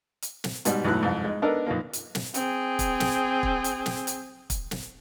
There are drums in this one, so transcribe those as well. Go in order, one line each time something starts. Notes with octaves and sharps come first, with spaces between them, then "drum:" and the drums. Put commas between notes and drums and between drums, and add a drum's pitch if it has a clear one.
drum: hi-hat
drum: snare
G#2 B2 G3, drum: hi-hat
B1 E2 A2 F#3 E4 F#6
C2 F2 G#2
G#3 D#4
B3 D4 D#4 A4 A#4
B1 D#3 F3 A#3
drum: hi-hat
drum: snare
C4 G#4, drum: hi-hat
drum: kick, hi-hat
drum: snare
drum: kick
drum: hi-hat
drum: snare
drum: hi-hat
drum: kick, hi-hat
drum: snare